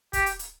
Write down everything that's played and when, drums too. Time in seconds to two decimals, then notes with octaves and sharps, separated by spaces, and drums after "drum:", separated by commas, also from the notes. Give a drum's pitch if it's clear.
0.13 G4, drum: kick, hi-hat
0.26 drum: hi-hat
0.39 drum: hi-hat